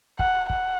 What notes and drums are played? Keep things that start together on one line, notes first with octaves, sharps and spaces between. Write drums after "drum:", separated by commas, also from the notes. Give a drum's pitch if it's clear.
F#5, drum: kick
F#5, drum: kick